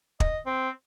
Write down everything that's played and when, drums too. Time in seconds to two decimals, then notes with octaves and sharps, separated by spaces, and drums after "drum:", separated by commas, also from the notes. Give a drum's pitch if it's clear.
0.20 D#5, drum: kick
0.46 C4